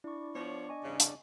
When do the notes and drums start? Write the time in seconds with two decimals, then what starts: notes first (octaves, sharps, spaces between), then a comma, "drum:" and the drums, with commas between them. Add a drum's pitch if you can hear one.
0.04 D4 E4 C#6
0.35 F3 B3 C#5
0.69 D#5 G#5 C#6
0.83 E2 G2 C#3
1.00 drum: hi-hat